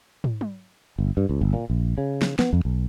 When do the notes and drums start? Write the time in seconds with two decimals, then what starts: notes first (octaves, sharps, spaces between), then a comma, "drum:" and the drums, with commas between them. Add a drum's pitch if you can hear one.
0.24 drum: tom
0.41 drum: tom F#3
0.98 G1
1.17 G2
1.29 C#2
1.41 G1
1.53 A#2
1.70 A#1
1.98 C#3
2.22 drum: snare
2.39 B3, drum: snare
2.53 F2
2.65 B1